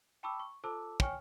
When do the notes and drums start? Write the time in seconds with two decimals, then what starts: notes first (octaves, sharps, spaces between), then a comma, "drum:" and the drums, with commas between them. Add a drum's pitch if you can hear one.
0.23 G5 A5 B5 C#6 D6 E6
0.40 C#6
0.64 F4 A4 C5 A5 D6 E6
1.00 C#5 G5 G#5 C#6 F6, drum: kick